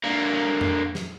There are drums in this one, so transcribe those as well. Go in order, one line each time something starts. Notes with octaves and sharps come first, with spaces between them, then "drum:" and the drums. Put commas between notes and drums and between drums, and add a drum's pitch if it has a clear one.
D3 A#3
drum: tom F2
drum: snare